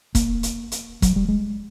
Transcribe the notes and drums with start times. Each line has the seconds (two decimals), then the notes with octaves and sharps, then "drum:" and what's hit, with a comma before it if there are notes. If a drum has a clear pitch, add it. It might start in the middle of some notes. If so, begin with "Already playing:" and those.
0.15 A#3, drum: kick E1, hi-hat
0.43 drum: hi-hat
0.72 drum: hi-hat
1.02 F#3, drum: kick E1, hi-hat
1.16 G3
1.28 G#3